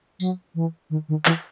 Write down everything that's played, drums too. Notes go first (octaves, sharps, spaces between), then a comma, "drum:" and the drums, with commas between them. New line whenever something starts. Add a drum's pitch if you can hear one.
F#3, drum: tambourine
E3
D#3
D#3
E3, drum: clap